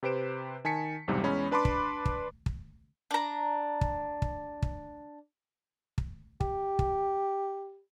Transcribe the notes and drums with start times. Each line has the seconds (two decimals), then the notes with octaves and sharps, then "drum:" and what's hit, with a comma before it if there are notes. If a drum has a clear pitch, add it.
0.03 C3 G4 B4 C5 D7 E7
0.65 D#3 G#5 A5 B6 C#7
1.08 B1 E2 G#2 C3 G3
1.23 E2 G#3 C#4 B5
1.51 D4 B4 A5 B5 C6 D6
1.65 drum: kick
2.05 drum: kick
2.46 drum: kick
3.11 D4 A#5
3.81 drum: kick
4.22 drum: kick
4.62 drum: kick
5.98 drum: kick
6.40 G4, drum: kick
6.79 drum: kick